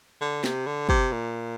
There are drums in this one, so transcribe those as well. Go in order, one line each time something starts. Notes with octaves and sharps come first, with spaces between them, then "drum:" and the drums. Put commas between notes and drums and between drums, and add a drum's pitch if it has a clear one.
D3
C3, drum: snare
D3
C3, drum: kick
A#2